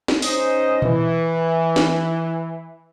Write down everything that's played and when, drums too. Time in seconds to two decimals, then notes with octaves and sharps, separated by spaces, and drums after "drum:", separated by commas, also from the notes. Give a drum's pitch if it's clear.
0.08 drum: snare
0.22 G#3 C#4 D#4 C5 D#5, drum: open hi-hat
0.82 E3, drum: tom A#2
1.76 drum: snare